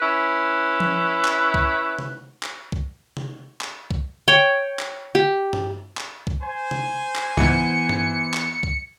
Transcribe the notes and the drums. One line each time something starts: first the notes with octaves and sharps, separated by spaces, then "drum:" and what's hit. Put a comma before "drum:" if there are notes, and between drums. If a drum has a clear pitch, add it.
C#4 E4 B4
drum: tom F3
drum: clap
drum: kick
drum: tom C3
drum: clap
drum: kick
drum: tom C3
drum: clap
drum: kick
C#5 G5
drum: clap
G4
drum: tom G2
drum: clap
drum: kick
C5 G#5
drum: tom C3
drum: clap
C#2 G#2 E3 B3 C#7
drum: tom G2
drum: clap
drum: kick